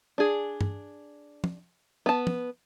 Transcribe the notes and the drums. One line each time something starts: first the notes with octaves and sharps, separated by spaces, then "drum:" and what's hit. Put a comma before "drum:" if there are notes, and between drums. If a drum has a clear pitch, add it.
D4 G#4
drum: tom G2
drum: tom
B3 A5
drum: tom